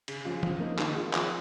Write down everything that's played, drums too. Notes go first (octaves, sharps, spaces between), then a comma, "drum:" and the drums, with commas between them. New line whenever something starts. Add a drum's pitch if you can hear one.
C#3, drum: cymbal
F3 C#4 F4
F3, drum: tom
A#3 D#4
D#3, drum: clap
G#3 F4
F3, drum: clap